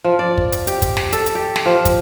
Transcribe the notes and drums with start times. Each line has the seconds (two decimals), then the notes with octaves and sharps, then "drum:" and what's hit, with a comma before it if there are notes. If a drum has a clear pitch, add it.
0.04 F3
0.19 D5
0.38 drum: kick
0.52 drum: hi-hat
0.67 G4, drum: hi-hat
0.82 drum: kick, hi-hat
0.97 drum: snare
1.12 A4, drum: hi-hat
1.26 drum: hi-hat
1.35 G4
1.56 drum: snare
1.66 F3
1.85 drum: kick, hi-hat